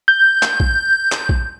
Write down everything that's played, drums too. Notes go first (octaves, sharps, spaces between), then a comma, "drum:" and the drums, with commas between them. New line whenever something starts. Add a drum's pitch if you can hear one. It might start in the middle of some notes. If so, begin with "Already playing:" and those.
G6
drum: clap
drum: kick A#1
drum: clap
drum: kick A#1